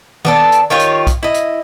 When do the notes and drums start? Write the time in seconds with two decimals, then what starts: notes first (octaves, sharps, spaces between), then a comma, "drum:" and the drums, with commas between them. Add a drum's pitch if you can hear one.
0.25 B3 D4 A4, drum: tom D#3
0.52 drum: hi-hat
0.70 D#3 F4 G4 C#5
0.79 drum: hi-hat
1.07 drum: kick B1, hi-hat
1.23 E4 D#5
1.34 drum: hi-hat